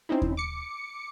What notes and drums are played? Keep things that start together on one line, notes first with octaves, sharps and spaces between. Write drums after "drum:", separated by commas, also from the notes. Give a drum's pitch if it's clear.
C4 C#4 D#4 E4
drum: kick D#2
D6 C#7